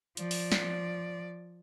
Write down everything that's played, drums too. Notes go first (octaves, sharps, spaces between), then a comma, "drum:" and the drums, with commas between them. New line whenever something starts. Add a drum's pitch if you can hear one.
F3 D5, drum: hi-hat
drum: open hi-hat
drum: snare